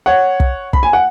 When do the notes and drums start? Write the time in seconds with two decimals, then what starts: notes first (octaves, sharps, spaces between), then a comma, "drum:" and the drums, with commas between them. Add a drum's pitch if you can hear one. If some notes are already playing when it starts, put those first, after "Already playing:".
0.06 C#5 F#5
0.40 drum: kick
0.73 B5, drum: kick
0.83 G#5
0.93 F#5